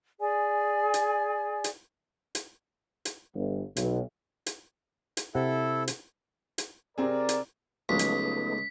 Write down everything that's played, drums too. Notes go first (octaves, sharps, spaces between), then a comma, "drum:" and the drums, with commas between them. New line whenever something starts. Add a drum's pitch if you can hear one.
G#4 D5 G#5
drum: hi-hat
drum: hi-hat
drum: hi-hat
drum: hi-hat
G1
B1, drum: hi-hat
drum: hi-hat
drum: hi-hat
C3 E4 A4 F#5
drum: hi-hat
drum: hi-hat
C3 C4 G#4 A#4 D5
drum: hi-hat
C#2 F3 F#3 G#3 A3 B3 D#4 B6
drum: hi-hat